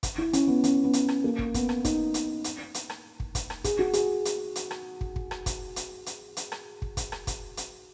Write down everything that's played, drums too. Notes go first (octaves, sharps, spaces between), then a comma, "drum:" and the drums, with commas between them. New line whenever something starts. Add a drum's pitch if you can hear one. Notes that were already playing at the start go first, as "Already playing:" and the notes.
drum: kick, hi-hat
E4
C#4, drum: hi-hat
B3
C#4, drum: hi-hat
B3
drum: hi-hat
drum: rim click
A#3
drum: kick
B3, drum: kick, hi-hat
drum: rim click
D#4, drum: kick, hi-hat
drum: hi-hat
drum: hi-hat
drum: hi-hat
drum: rim click
drum: kick
drum: kick, hi-hat
drum: rim click
G#4, drum: kick, hi-hat
F#4
G#4, drum: hi-hat
drum: hi-hat
drum: hi-hat
drum: rim click
drum: kick
drum: kick
drum: rim click
drum: kick, hi-hat
drum: hi-hat
drum: hi-hat
drum: hi-hat
drum: rim click
drum: kick
drum: kick, hi-hat
drum: rim click
drum: kick, hi-hat
drum: hi-hat